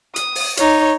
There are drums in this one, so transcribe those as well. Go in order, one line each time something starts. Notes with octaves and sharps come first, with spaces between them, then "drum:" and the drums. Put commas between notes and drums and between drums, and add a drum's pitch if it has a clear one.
D#6, drum: hi-hat
drum: open hi-hat
D#4 C#5, drum: hi-hat